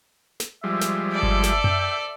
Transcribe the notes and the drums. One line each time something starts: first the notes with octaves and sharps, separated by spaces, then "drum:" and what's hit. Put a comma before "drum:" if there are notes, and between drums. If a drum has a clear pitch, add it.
drum: snare
F3 G3 G#3 E5
drum: snare
A4 D5
drum: kick G1
drum: snare
G5, drum: tom F#2